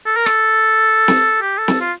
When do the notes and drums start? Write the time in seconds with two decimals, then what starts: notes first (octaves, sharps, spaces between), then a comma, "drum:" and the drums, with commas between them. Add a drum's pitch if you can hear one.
0.06 A4
0.17 A#4
0.26 A4, drum: rim click
1.08 drum: snare
1.42 G4
1.58 A4
1.68 drum: snare
1.81 F4